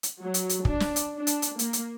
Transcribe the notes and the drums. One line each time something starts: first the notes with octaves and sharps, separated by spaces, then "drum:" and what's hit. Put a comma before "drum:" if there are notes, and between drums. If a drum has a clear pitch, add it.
drum: hi-hat
F#3
drum: hi-hat
drum: hi-hat
D4, drum: kick
drum: snare
drum: hi-hat
D4
drum: hi-hat
drum: hi-hat
A#3, drum: hi-hat
drum: hi-hat